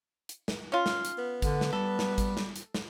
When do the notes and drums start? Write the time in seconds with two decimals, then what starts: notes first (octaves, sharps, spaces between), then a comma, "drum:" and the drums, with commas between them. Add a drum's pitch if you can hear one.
0.29 drum: hi-hat
0.48 drum: snare
0.72 C#4 F4
0.86 drum: snare
1.05 drum: hi-hat
1.18 B3
1.42 D3, drum: kick G#1, hi-hat
1.61 drum: snare
1.73 G3 A4
1.99 drum: snare
2.18 drum: kick G#1, hi-hat
2.37 drum: snare
2.56 drum: hi-hat
2.74 drum: snare